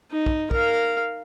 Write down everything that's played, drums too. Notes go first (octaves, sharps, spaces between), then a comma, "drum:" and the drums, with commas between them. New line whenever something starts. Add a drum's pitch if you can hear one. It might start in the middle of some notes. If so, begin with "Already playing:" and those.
D#4
drum: kick
A#4 F5, drum: kick